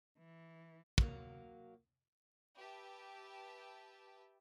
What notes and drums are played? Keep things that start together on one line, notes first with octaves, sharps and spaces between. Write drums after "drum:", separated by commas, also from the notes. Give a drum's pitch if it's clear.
E3
F#3 A#3, drum: kick
G4 B4 E5 G5 A5